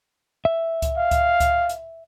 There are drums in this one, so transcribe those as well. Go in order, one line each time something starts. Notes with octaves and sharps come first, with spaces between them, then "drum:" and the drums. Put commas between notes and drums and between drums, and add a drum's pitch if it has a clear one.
E5
drum: kick C#2, hi-hat
F5
drum: kick C#2, hi-hat
drum: kick C#2, hi-hat
drum: hi-hat